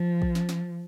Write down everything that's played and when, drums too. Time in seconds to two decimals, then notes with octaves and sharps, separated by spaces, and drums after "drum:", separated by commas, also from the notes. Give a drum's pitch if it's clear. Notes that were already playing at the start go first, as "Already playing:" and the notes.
Already playing: F3
0.22 drum: kick
0.35 drum: snare
0.49 drum: snare